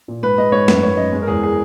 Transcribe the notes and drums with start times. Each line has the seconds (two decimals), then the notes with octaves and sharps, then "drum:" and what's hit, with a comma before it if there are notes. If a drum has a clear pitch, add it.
0.08 A#2
0.23 G#2 B4
0.38 G#3 D#5
0.52 G#2 C#5
0.68 F#2 B4, drum: snare
0.83 F#2 C#5
0.97 F#2 D#5
1.12 G#3
1.22 A#4
1.28 E2 G#4
1.43 G#4